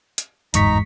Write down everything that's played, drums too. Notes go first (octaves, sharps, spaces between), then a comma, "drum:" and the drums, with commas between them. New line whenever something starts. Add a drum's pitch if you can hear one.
drum: hi-hat
G1 E2 G#2 D#4 A#5 C#6 B6, drum: hi-hat